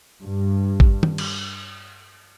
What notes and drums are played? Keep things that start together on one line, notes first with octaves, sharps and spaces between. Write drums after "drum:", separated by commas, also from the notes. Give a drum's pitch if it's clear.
G2
drum: kick G#1
drum: tom
drum: cymbal